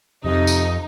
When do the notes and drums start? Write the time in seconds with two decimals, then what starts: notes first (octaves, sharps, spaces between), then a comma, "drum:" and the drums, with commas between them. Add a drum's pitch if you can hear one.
0.25 F2 C3 D#4 D#5
0.47 drum: tambourine